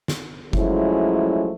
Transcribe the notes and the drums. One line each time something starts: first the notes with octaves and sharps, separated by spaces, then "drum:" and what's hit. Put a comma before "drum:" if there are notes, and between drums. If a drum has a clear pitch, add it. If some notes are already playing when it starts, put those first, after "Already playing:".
drum: snare
F3 F#3 G#3 A3 C#4 E4, drum: kick F#1